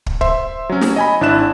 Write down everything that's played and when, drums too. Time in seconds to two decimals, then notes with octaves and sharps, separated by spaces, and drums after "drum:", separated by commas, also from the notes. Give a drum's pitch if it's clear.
0.06 drum: kick
0.21 C5 E5 C6, drum: kick
0.69 F#3 C#4
0.81 drum: snare
0.96 D#5 G#5 B5
1.21 G#1 D4 E4 F#6 E7